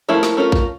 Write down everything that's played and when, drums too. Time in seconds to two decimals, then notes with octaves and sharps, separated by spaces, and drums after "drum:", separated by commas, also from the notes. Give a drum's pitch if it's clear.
0.09 F3 A3 C#4 E4 A#4
0.23 drum: snare
0.37 A3 C#4 F4 A#4
0.52 drum: kick